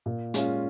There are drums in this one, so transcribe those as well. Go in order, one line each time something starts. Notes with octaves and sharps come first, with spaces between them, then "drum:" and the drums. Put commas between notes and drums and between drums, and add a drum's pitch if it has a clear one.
A#2
G#3 C#4 F4, drum: hi-hat